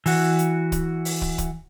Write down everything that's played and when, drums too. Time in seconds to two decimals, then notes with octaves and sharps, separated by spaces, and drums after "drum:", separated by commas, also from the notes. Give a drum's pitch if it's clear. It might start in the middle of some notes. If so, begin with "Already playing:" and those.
0.06 E3 F#4, drum: open hi-hat
0.39 drum: hi-hat
0.72 drum: kick, hi-hat
1.05 drum: open hi-hat
1.22 drum: kick
1.38 drum: kick, hi-hat